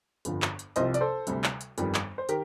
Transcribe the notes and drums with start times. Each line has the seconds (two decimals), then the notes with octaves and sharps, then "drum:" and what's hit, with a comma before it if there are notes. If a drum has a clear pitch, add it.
0.25 G1 F2 D3 F3, drum: hi-hat
0.42 drum: clap
0.59 drum: hi-hat
0.76 C2 C3 F3 C5 D#5, drum: hi-hat
0.94 D5, drum: hi-hat
1.01 A4 C5
1.27 D2 C3 G3, drum: hi-hat
1.44 drum: clap
1.61 drum: hi-hat
1.78 G1 F2 D#3 G3, drum: hi-hat
1.94 drum: clap
2.18 C5
2.29 D#3 G4 A#4, drum: hi-hat